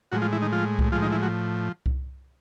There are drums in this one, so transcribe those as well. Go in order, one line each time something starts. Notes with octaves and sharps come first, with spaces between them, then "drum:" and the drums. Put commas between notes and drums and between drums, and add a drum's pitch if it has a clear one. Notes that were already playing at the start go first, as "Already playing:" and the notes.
A2 F3 F#3 G#3 F#4
F3 F4
E3 E4
D#3 D#4
F3 F4
drum: kick C2
A2 F3 G#3 F4
D#3 D#4
E3 E4
F#3 F#4
drum: kick C2